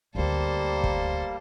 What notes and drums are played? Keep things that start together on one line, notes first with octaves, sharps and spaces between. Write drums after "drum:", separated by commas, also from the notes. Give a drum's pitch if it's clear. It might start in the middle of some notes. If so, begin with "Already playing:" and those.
D2 D3 G3 A#3 A4 C5
drum: kick